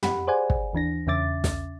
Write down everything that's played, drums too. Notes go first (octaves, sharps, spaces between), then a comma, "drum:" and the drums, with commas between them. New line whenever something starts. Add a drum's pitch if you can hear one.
G4 F#5 B5, drum: tom
G#4 C5 D5 F#5 G#5
drum: kick
D#2 E3 D4 A#6
E2 C#3 C#4 E5 D6 A6
drum: snare